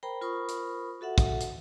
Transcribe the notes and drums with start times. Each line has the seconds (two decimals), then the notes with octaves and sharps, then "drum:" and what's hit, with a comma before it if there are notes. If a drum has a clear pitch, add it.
0.03 A#4 C5 G5 A#5 B5
0.21 F4 A#4 C5 B5 C#6 D#6
0.49 drum: hi-hat
1.01 F#4 A4 E5 F#5
1.18 drum: kick, hi-hat
1.41 drum: hi-hat